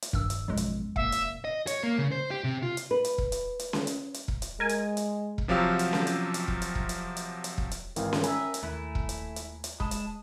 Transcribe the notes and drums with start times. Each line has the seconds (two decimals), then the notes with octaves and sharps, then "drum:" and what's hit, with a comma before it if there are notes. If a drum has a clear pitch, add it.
0.02 drum: hi-hat
0.13 G2 D#3 E6, drum: kick E1
0.30 drum: hi-hat
0.48 A1 F2 B2 F#3 G#3
0.57 drum: hi-hat
0.96 F#1 A#2 E5 F5, drum: kick E1
1.12 drum: hi-hat
1.44 D#5
1.67 C#5, drum: hi-hat
1.83 A#3
1.98 C#3
2.12 C5
2.31 G4
2.44 C3
2.63 F4
2.77 drum: hi-hat
2.91 B4
3.05 drum: hi-hat
3.18 drum: kick E1
3.32 drum: hi-hat
3.59 drum: hi-hat
3.73 drum: snare C#4
3.87 drum: hi-hat
4.14 drum: hi-hat
4.28 drum: kick E1
4.42 drum: hi-hat
4.60 G#3 A#4 G#5
4.69 drum: hi-hat
4.97 drum: hi-hat
5.38 drum: kick E1
5.48 C3 F3 F#3 G4 F5 E6
5.79 drum: hi-hat
5.93 drum: snare C#4
6.07 drum: hi-hat
6.34 drum: hi-hat
6.48 drum: kick E1
6.62 drum: hi-hat
6.75 drum: kick E1
6.89 drum: hi-hat
7.16 drum: hi-hat
7.44 drum: hi-hat
7.58 drum: kick E1
7.71 drum: hi-hat
7.96 G#1 E3 A#4 F5 G5, drum: hi-hat
8.13 drum: snare C#4
8.23 B4 E5 G#5 A#5, drum: hi-hat
8.54 drum: hi-hat
8.63 D#2 A3 E4 B4
8.95 drum: kick E1
9.09 drum: hi-hat
9.36 drum: hi-hat
9.64 drum: hi-hat
9.80 G#3 A5 B5 D#6, drum: kick E1
9.91 drum: hi-hat